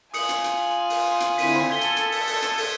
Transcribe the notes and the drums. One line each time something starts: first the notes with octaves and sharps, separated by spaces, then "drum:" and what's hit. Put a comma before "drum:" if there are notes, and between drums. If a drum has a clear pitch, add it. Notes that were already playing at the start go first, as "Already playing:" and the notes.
F4 G#5 D#6 C#7 F#7, drum: open hi-hat
drum: hi-hat
drum: hi-hat
drum: open hi-hat
drum: hi-hat
D3 C4 E4 B6 D#7, drum: open hi-hat
A4 G#6 B6 G7
drum: hi-hat
drum: hi-hat
drum: open hi-hat
drum: open hi-hat
drum: hi-hat
drum: open hi-hat